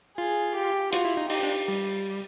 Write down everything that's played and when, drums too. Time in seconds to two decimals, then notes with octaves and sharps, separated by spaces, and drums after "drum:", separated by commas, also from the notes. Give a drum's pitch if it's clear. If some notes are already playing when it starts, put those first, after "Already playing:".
0.18 F4 G#4
0.55 G4
0.93 F4 F#4, drum: hi-hat
1.05 E4
1.17 D#4
1.30 D#4 G4, drum: open hi-hat
1.43 D4
1.68 G3